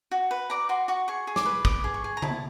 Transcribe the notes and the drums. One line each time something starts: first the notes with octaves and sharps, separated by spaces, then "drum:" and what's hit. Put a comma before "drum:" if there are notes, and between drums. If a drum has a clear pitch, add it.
F#4
B4
D5 A#5
F#4 C6
F#4 C#6
G#4 C#6
G#4
D6, drum: snare
B4
D5 D#6, drum: kick
G#4
C#6
G#4
A#5
E4 A5, drum: tom C#3